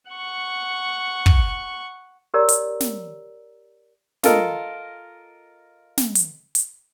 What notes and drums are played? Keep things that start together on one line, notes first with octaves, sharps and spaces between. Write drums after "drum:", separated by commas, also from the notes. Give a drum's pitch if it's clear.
F#5 C#6
drum: kick
G4 A#4 C#5 D5 A#5 E6
drum: hi-hat
drum: snare
F4 A4 A#4 D#5, drum: snare
drum: snare
drum: hi-hat
drum: hi-hat